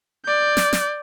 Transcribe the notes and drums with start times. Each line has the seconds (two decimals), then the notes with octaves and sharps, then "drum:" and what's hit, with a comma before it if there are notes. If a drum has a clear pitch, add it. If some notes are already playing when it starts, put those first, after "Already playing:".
0.25 D5 G6
0.57 drum: snare
0.73 drum: snare